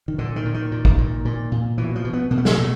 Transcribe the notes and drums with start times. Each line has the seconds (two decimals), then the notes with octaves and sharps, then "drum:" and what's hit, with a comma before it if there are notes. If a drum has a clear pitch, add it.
0.08 D#3
0.18 A#2 D3
0.36 D#3
0.45 A#2
0.54 D#3
0.71 A#2
0.85 drum: kick
0.98 A#2
1.25 A#2
1.52 A#2
1.78 B2 E3
1.96 F3
2.05 B2
2.13 B3
2.31 B2 A#3
2.38 A3
2.45 A#3, drum: snare
2.57 B2 A3